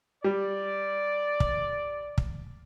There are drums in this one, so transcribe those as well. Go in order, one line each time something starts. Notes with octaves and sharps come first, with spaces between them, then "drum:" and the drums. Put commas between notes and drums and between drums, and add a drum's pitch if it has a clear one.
G3 D5
drum: kick
drum: kick